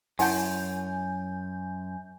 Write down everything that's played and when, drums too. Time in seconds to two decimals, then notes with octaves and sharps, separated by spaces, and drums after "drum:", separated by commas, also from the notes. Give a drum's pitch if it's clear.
0.19 F#2 E4 F#5 G#5 A5 G6, drum: open hi-hat